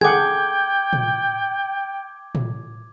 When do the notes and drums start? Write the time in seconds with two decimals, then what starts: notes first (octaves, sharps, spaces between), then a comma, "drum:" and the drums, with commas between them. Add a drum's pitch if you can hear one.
0.01 G#4 A4 F#5 G5 D6 G#6, drum: tom C3
0.93 drum: tom
2.35 drum: tom